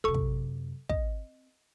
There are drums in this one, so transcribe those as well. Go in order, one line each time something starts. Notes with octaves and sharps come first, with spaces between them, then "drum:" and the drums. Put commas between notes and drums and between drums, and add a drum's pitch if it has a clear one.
F#2 C3 A4 C#6
drum: kick
C4 D#5, drum: kick